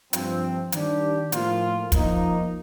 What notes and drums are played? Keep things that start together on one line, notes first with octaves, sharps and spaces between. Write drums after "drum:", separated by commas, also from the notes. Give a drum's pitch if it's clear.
G2 F3 C4, drum: hi-hat
D#3 G3 D4 G4, drum: hi-hat
A2 F3 A#3 F4, drum: hi-hat
F3 A#3 D#4, drum: kick, hi-hat